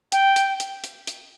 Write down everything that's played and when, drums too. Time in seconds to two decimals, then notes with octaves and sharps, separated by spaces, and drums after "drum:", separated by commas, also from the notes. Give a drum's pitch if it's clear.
0.12 G5, drum: hi-hat
0.36 drum: hi-hat
0.60 drum: hi-hat
0.84 drum: hi-hat
1.07 drum: hi-hat